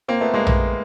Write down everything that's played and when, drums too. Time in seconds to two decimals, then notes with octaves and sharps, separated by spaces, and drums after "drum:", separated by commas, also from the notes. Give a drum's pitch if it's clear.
0.08 A#3 C4
0.21 A3 B3
0.34 G#3 A#3
0.47 drum: tom A#1